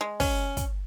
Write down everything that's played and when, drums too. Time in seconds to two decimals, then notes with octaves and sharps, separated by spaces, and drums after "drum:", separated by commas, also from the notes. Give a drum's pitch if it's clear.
0.01 G#3
0.20 C#4, drum: kick, open hi-hat
0.57 drum: kick, hi-hat